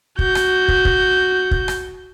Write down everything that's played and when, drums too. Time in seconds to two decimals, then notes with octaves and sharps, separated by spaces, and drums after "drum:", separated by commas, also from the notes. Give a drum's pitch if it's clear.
0.19 F#4 G6, drum: kick
0.35 drum: rim click
0.68 drum: kick
0.85 drum: kick
1.51 drum: kick
1.68 drum: rim click